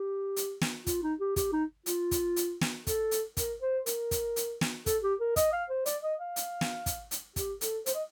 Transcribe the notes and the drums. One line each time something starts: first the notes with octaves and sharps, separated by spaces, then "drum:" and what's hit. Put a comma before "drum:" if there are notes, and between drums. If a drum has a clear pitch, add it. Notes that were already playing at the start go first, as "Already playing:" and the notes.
Already playing: G4
drum: hi-hat
drum: snare
F4, drum: kick, hi-hat
D#4
G4
G4, drum: kick, hi-hat
D#4
F4, drum: hi-hat
drum: kick, hi-hat
drum: hi-hat
drum: snare
A4, drum: kick, hi-hat
drum: hi-hat
A#4, drum: kick, hi-hat
C5
A#4, drum: hi-hat
drum: kick, hi-hat
drum: hi-hat
drum: snare
A4, drum: kick, hi-hat
G4
A#4
D#5, drum: kick, hi-hat
F5
C5
D5, drum: hi-hat
D#5
F5
drum: hi-hat
drum: snare
drum: kick, hi-hat
drum: hi-hat
G4, drum: kick, hi-hat
A4, drum: hi-hat
C5, drum: hi-hat
D#5